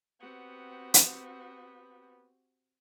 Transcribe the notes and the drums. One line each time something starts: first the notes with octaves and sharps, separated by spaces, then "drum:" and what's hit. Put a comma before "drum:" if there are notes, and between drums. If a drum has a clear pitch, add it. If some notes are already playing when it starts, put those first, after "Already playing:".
B3 C4 F#4 G4
drum: hi-hat